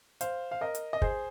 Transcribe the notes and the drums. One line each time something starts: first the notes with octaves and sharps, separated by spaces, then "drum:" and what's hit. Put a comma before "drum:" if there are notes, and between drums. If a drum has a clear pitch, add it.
C5 F5, drum: hi-hat
F5
A#4 D#5
drum: hi-hat
D#5
G#4 C5, drum: kick